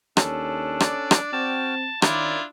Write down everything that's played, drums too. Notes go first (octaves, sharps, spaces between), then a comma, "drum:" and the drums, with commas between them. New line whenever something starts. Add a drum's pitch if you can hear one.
D#2 C#4 D4 A4, drum: rim click
D5, drum: rim click
drum: rim click
C4 F#4 G5 A5 F6
D#3 C#4 D4 E4 F4 A#4 D5, drum: rim click